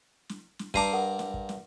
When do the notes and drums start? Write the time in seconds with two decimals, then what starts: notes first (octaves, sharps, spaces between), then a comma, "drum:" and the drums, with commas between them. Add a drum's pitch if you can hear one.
0.29 drum: snare
0.59 drum: snare
0.74 G2 A5 A#5 D6 C7 D#7, drum: kick
0.93 A#4 F#5
1.19 drum: snare
1.34 drum: kick
1.49 drum: snare